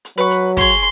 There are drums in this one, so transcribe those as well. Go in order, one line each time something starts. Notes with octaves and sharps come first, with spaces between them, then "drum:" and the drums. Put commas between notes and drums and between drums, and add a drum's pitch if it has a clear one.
drum: hi-hat
F#3 B4 C#6, drum: hi-hat
drum: hi-hat
G#4 C#5 C6, drum: kick, hi-hat
drum: hi-hat